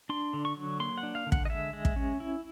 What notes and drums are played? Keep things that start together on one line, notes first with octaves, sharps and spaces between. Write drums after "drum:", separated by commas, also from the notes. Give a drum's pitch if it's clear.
D4 C6
D3
C#6
F#3
A#3 C6
F#5
D4
F5
D3
F#5, drum: kick
D#5
G#3 E5
G#3
drum: kick
C#4
E4